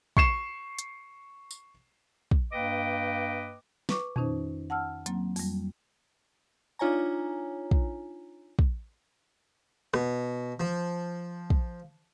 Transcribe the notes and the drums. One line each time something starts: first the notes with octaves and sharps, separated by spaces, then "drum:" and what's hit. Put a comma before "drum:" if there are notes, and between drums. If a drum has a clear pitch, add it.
C#6 C7 E7, drum: kick
drum: hi-hat
drum: tambourine
drum: kick
G2 A#3 B4 D#5 G5 D6
B4 C#6 D6, drum: snare
F2 D#3 C#4 D#4 C5, drum: tom A#2
F#5 A5 E6 F6
F#3 A#3 C4, drum: hi-hat
F2 G3, drum: open hi-hat
D4 D#4 F4 C#5 G#5 A#5
drum: kick
drum: kick
B2, drum: rim click
F3
drum: kick